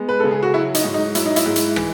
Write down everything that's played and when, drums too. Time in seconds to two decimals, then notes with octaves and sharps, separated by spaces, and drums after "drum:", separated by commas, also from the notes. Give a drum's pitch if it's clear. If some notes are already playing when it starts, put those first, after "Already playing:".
Already playing: G#3 B3
0.09 B4
0.20 C#3 A4
0.31 G#4
0.43 F#4
0.54 F#3 E4
0.74 D#4, drum: hi-hat
0.84 G#2
0.94 D#4
1.15 F#3 E4, drum: hi-hat
1.26 D#4
1.36 E4, drum: hi-hat
1.46 G#2
1.56 drum: hi-hat
1.76 E3, drum: rim click